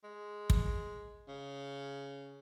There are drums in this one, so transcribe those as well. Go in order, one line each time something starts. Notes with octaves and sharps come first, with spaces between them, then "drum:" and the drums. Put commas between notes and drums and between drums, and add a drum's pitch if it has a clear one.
G#3
drum: kick
C#3